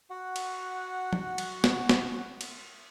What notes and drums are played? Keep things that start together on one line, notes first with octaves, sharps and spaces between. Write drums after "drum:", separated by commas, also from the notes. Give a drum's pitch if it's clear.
F#4 F#5
drum: cymbal
drum: tom F3
drum: cymbal
drum: snare
drum: snare
drum: cymbal